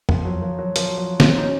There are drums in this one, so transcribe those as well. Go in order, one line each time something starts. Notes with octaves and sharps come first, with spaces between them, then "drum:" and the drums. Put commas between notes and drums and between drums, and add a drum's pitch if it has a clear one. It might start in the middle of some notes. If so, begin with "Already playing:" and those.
F3, drum: tom F2
F#3
F3
F#3
F3, drum: hi-hat
F#3
F#3, drum: snare
D#4
C#4